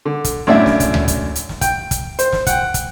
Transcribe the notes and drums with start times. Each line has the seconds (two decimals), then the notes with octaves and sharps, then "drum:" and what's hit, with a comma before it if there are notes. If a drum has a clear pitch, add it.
0.05 D3
0.24 drum: kick, hi-hat
0.47 F#2 A2 D4 E4 E5
0.66 drum: snare
0.80 drum: kick, hi-hat
0.94 drum: tom D2
1.08 drum: kick, hi-hat
1.35 drum: hi-hat
1.49 drum: snare
1.61 G5, drum: kick, hi-hat
1.91 drum: kick, hi-hat
2.19 C5, drum: hi-hat
2.33 drum: snare
2.47 F#5 G5, drum: kick, hi-hat
2.74 drum: kick, hi-hat